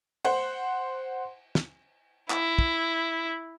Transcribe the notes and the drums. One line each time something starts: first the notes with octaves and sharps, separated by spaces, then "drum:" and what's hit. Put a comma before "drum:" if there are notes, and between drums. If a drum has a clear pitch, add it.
C5 F#5, drum: cymbal
drum: snare
E4, drum: clap
drum: kick